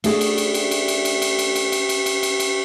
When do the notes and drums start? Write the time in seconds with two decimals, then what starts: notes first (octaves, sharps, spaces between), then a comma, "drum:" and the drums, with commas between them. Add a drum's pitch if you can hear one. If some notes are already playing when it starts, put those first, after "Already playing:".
0.04 A3 D4 F#4 G#4, drum: cymbal
0.21 drum: cymbal
0.38 drum: cymbal
0.54 drum: cymbal
0.71 drum: cymbal
0.88 drum: cymbal
1.05 drum: cymbal
1.22 drum: cymbal
1.39 drum: cymbal
1.55 drum: cymbal
1.72 drum: cymbal
1.89 drum: cymbal
2.06 drum: cymbal
2.23 drum: cymbal
2.40 drum: cymbal